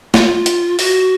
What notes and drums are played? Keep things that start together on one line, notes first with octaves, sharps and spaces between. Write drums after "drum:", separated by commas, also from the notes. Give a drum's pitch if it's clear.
F4, drum: snare
drum: hi-hat
F#4, drum: open hi-hat